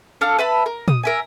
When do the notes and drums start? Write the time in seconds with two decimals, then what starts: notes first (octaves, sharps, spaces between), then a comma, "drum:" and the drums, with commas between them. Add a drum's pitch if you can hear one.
0.21 D4 A4 F5 F6
0.39 B4 E5 A5 B5
0.66 A#4
0.88 D#6, drum: tom A#2
1.03 A#4 E5 G#5